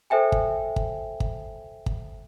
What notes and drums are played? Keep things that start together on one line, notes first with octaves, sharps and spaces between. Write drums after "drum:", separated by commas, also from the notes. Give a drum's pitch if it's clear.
A4 C5 E5 G5 G#5
drum: kick
drum: kick
drum: kick
drum: kick